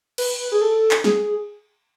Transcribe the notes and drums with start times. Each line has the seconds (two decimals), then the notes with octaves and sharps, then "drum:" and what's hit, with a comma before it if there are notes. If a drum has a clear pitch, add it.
0.18 B4, drum: cymbal
0.52 G#4
0.61 A4
0.91 drum: clap
1.04 G#4, drum: snare